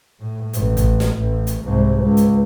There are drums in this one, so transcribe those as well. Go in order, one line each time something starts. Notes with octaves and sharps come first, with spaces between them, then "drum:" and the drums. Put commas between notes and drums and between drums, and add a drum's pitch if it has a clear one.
A2
A1, drum: hi-hat
drum: kick, hi-hat
drum: snare
A1
drum: hi-hat
C2 G#2
C#2
drum: hi-hat